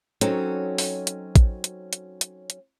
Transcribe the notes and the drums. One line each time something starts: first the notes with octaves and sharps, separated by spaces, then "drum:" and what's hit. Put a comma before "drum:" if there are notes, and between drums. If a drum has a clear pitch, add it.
F#3 C4 C#4 D#4 F#4 A4, drum: hi-hat
drum: open hi-hat
drum: hi-hat
drum: kick A1, hi-hat
drum: hi-hat
drum: hi-hat
drum: hi-hat
drum: hi-hat